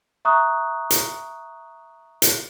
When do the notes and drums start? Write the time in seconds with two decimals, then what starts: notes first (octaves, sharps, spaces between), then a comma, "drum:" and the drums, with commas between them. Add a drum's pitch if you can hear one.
0.25 E5 A#5 C#6 D#6 F#6
0.90 drum: hi-hat
2.22 drum: hi-hat